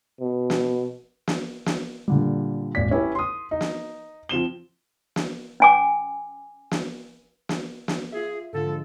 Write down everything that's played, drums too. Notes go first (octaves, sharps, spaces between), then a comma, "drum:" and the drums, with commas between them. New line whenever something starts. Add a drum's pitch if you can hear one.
B2
drum: snare
drum: snare
drum: snare
A#2 D3 G3
D#1 G#1 D5 B6
C#4 E4 G4 B4
C6 D#6
D#4
drum: snare
F3 C4 E7 G7
drum: snare
C#4 G#5 D6
drum: snare
drum: snare
drum: snare
F4 G#4 E5
G#2 D3 F4 A4
F3 G#3